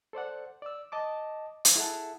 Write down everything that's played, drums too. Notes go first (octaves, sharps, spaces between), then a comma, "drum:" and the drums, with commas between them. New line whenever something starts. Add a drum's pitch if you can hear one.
A4 C5 D5 F#5
D5 E6
D#5 A5 D6
drum: hi-hat
E4 G#4 A4 E5 F#5 A5